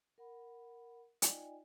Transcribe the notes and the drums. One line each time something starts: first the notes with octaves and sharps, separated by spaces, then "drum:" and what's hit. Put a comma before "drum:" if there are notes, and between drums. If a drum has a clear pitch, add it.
A#4 F#5 B5
D#4 F4 D5 D#5 G5 G#5, drum: hi-hat